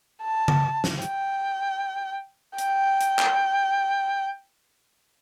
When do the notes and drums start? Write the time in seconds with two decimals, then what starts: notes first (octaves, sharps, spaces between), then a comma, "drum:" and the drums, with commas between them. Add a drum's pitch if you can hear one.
0.23 A5
0.48 drum: tom C#3
0.84 drum: snare
1.02 G5, drum: hi-hat
2.58 G5, drum: hi-hat
3.01 drum: hi-hat
3.19 drum: clap